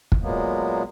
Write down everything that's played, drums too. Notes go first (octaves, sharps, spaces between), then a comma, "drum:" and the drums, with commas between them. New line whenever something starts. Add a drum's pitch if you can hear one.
drum: kick
A#2 F#3 G#3 A#3 B3